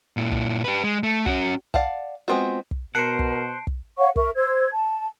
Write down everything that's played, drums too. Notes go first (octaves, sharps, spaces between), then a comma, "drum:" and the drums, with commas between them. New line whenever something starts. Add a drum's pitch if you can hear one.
A#2 E4
drum: kick
G4 B4
G#3
A3
C#4 F#4, drum: kick
D5 F5 F#5 A5, drum: kick
G#3 B3 C4 F4 F#4
drum: kick
B2 A#4 C5 F#5 A5 C7 D7
drum: kick
drum: kick
C#5 F5 F#5 C#6
A#4 E5 C#6, drum: kick
C5 E6 G#6
A5